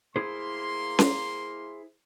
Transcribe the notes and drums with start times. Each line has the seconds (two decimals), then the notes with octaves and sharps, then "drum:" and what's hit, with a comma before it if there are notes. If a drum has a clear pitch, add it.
0.16 A#3 E4 G#4 C5 C6
0.99 drum: snare C#4